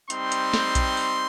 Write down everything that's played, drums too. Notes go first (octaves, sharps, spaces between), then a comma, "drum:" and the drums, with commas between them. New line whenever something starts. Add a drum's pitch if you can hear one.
G3 C4 D#4 C6, drum: hi-hat
drum: hi-hat
drum: snare
drum: kick A#1, hi-hat
drum: open hi-hat